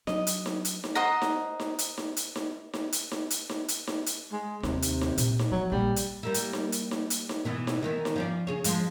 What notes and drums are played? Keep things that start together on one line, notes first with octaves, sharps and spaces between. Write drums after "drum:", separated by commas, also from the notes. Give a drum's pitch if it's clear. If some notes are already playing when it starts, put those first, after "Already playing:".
F#3 D4 D#5, drum: snare D#4
drum: hi-hat
drum: snare D#4
drum: hi-hat
drum: snare D#4
C5 D#5 F#5 A#5
drum: snare D#4
drum: snare D#4
drum: hi-hat
drum: snare D#4
drum: hi-hat
drum: snare D#4
drum: snare D#4
drum: hi-hat
drum: snare D#4
drum: hi-hat
drum: snare D#4
drum: hi-hat
drum: snare D#4
drum: hi-hat
G#3
D#2 C3, drum: snare D#4
drum: hi-hat
drum: snare D#4
A#2, drum: hi-hat
drum: snare D#4
F3 F#3 B3
A#1 G3
drum: hi-hat
G3 A#3 E4
drum: hi-hat
drum: snare D#4
drum: hi-hat
drum: snare D#4
drum: hi-hat
drum: snare D#4
B2 E3 B3
drum: snare D#4
D#3 E3 B3
drum: snare D#4
F3 C#4 D5
C#3 G#4 C#5
F3 G#3 F4, drum: hi-hat